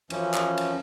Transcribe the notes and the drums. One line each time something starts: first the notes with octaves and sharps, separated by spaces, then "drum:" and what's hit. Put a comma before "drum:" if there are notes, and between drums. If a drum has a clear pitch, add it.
F#2 E3 F3 C#4, drum: cymbal
drum: clap
drum: cymbal